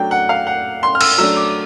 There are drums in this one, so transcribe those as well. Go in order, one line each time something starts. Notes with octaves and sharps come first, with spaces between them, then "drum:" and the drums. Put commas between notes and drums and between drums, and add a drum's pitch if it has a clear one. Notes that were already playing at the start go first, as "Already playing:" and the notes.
Already playing: F#3 A3 D4 G5
F#5
F5
F#5
C6
F6
E6, drum: cymbal
F#3 A3 D4 E6
D6